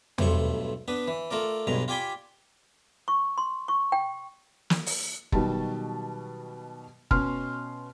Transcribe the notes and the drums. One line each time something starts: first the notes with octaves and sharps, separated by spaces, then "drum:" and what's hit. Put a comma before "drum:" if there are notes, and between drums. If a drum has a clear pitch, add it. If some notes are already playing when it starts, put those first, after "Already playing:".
B1 G2 A3 C5 C#6, drum: tom E2
B3 D4 B4
E3
A3 F4 A#4 D5
B1 G2 B2 G#3 A#5
F4 G4 D5 G#5 B5 C6
C#6
C6
C#6
G5
drum: snare
drum: open hi-hat
B2 D#3 F#3 G3 A5, drum: kick F#1
B2 C#4 C6 F6, drum: kick F#1